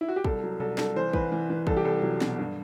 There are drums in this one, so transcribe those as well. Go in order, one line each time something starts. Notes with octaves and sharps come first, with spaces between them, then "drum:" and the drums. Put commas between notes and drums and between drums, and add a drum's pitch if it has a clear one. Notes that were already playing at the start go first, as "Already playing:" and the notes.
E4
F#4
G4
C2 A4, drum: kick
F#3
C2 A4, drum: tom B2
C2 A4, drum: snare
E3 C5
E3 B4, drum: kick
E3
E3
C2 A4, drum: kick
G4
C2 A4
F#3, drum: tom B2
B2, drum: snare
G2